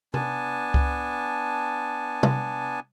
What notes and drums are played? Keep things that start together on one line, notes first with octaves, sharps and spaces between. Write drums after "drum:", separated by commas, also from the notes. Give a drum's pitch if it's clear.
B3 D4 G#5 A5, drum: tom C3
drum: kick C#2
drum: tom